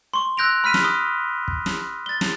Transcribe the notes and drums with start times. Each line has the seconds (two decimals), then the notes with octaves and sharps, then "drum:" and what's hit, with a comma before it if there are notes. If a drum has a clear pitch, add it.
0.14 C6 C#6
0.37 E6 F#6 G6 A#6 D7 F7
0.64 B5 F6 B6 D#7
0.74 drum: snare
0.84 D#6 G7
1.48 drum: kick
1.66 drum: snare
2.06 A6 G7
2.21 drum: snare